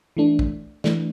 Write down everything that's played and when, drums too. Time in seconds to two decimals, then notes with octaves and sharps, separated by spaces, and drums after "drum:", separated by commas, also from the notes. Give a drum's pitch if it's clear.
0.17 E3 A3 D4
0.39 drum: kick
0.84 E3 A3 D4, drum: snare